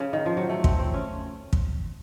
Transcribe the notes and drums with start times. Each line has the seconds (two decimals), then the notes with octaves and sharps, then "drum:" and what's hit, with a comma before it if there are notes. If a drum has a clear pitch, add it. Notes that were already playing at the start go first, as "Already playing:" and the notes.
0.00 C#3
0.13 D#3
0.26 F3
0.37 F#3
0.49 A3
0.64 C4, drum: kick
0.79 C4
0.94 C#4
1.53 drum: kick